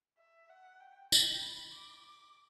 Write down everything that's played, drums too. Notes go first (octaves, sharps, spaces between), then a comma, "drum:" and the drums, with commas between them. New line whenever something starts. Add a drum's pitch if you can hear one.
E5
F#5
G5
G5, drum: tambourine
B5
D6
D6